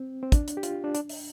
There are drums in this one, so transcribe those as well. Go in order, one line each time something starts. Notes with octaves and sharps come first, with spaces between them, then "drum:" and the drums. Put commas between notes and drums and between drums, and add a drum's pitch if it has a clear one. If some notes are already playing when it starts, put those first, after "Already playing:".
Already playing: C4
C4
D4, drum: kick, hi-hat
drum: hi-hat
G4
F4, drum: hi-hat
D4
D4, drum: hi-hat
drum: open hi-hat